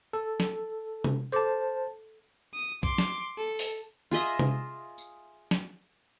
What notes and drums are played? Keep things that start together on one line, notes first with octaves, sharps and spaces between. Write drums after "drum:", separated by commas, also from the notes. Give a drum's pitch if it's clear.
A4
drum: snare
drum: tom C3
A4 C5 A5 D6
D#6
C6 D6, drum: kick B1
drum: snare
A4
drum: open hi-hat
F4 G#4 D#5 E5
drum: tom C3
drum: tambourine
drum: snare